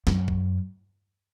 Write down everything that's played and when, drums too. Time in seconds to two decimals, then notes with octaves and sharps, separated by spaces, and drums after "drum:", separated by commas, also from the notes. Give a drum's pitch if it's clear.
0.07 F#2, drum: snare
0.28 drum: kick